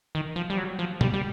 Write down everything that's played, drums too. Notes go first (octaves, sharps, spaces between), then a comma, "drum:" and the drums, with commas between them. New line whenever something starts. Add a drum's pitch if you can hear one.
D#3
F3
G3
F#3
F3
G3, drum: tom
G3